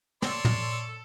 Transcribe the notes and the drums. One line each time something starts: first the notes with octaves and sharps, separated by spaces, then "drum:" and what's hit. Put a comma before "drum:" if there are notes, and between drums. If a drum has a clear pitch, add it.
A4 C#5 D5 C6, drum: snare
drum: tom